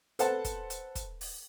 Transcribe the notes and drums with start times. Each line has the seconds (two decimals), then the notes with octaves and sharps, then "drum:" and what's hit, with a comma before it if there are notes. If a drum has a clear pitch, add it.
0.19 A4 B4 C5 F#5 A5, drum: hi-hat
0.44 drum: kick, hi-hat
0.70 drum: hi-hat
0.95 drum: kick, hi-hat
1.21 drum: open hi-hat